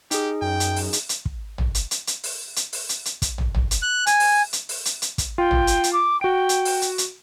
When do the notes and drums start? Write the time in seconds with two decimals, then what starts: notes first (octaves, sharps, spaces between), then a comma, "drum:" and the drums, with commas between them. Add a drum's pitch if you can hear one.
0.11 D#4 G4 G#4, drum: hi-hat
0.42 F#2 G5
0.60 drum: hi-hat
0.76 drum: open hi-hat
0.93 drum: hi-hat
1.09 drum: hi-hat
1.25 drum: kick
1.58 drum: tom
1.75 drum: hi-hat
1.91 drum: hi-hat
2.07 drum: hi-hat
2.24 drum: open hi-hat
2.56 drum: hi-hat
2.73 drum: open hi-hat
2.89 drum: hi-hat
3.05 drum: hi-hat
3.22 drum: kick, hi-hat
3.38 drum: tom
3.55 drum: tom
3.71 drum: hi-hat
3.82 F#6
4.07 G#5, drum: hi-hat
4.20 drum: open hi-hat
4.53 drum: hi-hat
4.69 drum: open hi-hat
4.85 drum: hi-hat
5.02 drum: hi-hat
5.18 drum: kick, hi-hat
5.38 F4 G5
5.51 drum: tom
5.67 drum: hi-hat
5.84 drum: hi-hat
5.93 D6
6.21 F#4 G5 D7
6.49 drum: hi-hat
6.65 drum: open hi-hat
6.82 drum: hi-hat
6.98 drum: hi-hat